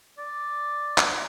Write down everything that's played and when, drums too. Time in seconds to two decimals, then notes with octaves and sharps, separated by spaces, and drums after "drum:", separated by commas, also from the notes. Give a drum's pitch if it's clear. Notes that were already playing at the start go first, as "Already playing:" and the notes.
0.19 D5
0.98 drum: clap